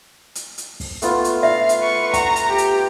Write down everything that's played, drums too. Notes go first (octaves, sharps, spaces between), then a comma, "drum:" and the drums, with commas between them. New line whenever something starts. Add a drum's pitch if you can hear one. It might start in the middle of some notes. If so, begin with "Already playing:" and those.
drum: hi-hat
drum: hi-hat
drum: kick, open hi-hat
A3 B3 F4, drum: hi-hat
drum: hi-hat
E5 F5
drum: hi-hat
B4 C#6
F#5 A#5, drum: kick, hi-hat
drum: hi-hat
G4
drum: hi-hat